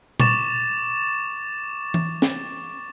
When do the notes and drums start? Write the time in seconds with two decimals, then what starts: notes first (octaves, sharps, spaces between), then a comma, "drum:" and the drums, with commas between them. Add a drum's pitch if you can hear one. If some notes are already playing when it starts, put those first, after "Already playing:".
0.20 C#6 D6 A6 E7, drum: tom A#2
1.94 drum: tom E3
2.22 drum: snare